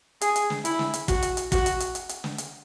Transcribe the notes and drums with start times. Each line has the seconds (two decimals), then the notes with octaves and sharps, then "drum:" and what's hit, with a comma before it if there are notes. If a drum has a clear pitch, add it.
0.21 G#4, drum: hi-hat
0.36 drum: hi-hat
0.50 drum: snare
0.65 E4, drum: hi-hat
0.79 drum: snare
0.94 drum: hi-hat
1.08 F#4, drum: kick, hi-hat
1.22 drum: hi-hat
1.37 drum: hi-hat
1.52 F#4, drum: kick, hi-hat
1.66 drum: hi-hat
1.80 drum: hi-hat
1.95 drum: hi-hat
2.09 drum: hi-hat
2.24 drum: snare
2.38 drum: hi-hat